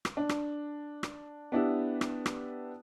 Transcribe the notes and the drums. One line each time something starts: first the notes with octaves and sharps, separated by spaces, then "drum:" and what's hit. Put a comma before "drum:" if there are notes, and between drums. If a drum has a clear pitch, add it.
drum: rim click
D4
drum: rim click
drum: rim click
B3 D4 E4 G4
drum: rim click
drum: rim click